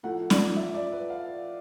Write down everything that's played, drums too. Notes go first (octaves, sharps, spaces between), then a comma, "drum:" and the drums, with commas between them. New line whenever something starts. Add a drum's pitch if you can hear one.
A2 F3 A3 F#5
D5, drum: snare C#4
E5
D5
B4
F5